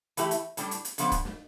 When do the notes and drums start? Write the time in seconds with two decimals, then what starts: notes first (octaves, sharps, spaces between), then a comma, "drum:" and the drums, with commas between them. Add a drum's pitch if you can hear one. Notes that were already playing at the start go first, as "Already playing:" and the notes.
0.17 E3 A3 E4 G4, drum: hi-hat
0.31 drum: hi-hat
0.57 A2 G3 D4, drum: hi-hat
0.71 drum: hi-hat
0.85 drum: hi-hat
0.98 D3 F3 B3 D4, drum: hi-hat
1.12 drum: kick, hi-hat
1.25 drum: snare